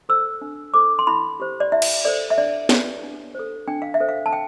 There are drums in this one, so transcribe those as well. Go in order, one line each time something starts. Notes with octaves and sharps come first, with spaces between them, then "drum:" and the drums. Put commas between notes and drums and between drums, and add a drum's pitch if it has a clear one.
A4 C5 E6
D4
A4 C5 D6
C6
E4 B5
G4 C5
D5
E4 E5
drum: cymbal
A4 C5 D5
E5
D4 D5
G4 B4, drum: snare
D4
A4 C5
D4 G5
F5
E5
A4 C5
F5
A5
G5